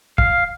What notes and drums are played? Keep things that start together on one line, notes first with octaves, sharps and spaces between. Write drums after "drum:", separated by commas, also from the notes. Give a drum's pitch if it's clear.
F5, drum: kick